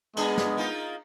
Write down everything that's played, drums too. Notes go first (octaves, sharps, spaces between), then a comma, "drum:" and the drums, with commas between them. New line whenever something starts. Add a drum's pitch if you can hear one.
A#2 G#3 B3 D4 G#4, drum: cymbal
drum: snare
A#3 D#4 F4